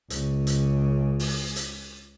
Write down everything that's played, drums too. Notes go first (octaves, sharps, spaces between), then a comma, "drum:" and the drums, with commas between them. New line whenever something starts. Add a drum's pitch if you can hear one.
C#2 C#3, drum: hi-hat
drum: hi-hat
drum: open hi-hat
drum: hi-hat